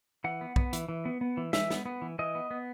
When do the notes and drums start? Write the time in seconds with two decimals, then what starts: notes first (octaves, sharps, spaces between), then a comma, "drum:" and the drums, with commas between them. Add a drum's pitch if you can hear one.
0.24 E3 F#5
0.41 B3
0.56 B3, drum: kick B1
0.73 E3, drum: hi-hat
0.88 E3
1.05 B3
1.21 B3
1.37 E3
1.53 E3 E5, drum: snare
1.70 B3, drum: snare
1.86 B3
2.02 E3
2.19 E3 D#5
2.35 B3
2.51 B3